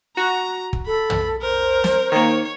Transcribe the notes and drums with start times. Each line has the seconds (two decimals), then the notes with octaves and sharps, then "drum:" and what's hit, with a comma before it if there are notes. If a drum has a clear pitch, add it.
0.17 F#4 A#5
0.73 drum: kick
0.87 A4 B5
1.10 drum: tom
1.42 A#4 C5
1.84 drum: snare
2.12 D#3 A#3 C#5